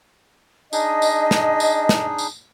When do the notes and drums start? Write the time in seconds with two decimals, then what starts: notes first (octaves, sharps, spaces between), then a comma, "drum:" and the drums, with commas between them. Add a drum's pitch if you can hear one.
0.73 D4 D#4 G#4 D#5, drum: tambourine
1.02 drum: tambourine
1.31 drum: snare
1.60 drum: tambourine
1.89 drum: snare
2.18 drum: tambourine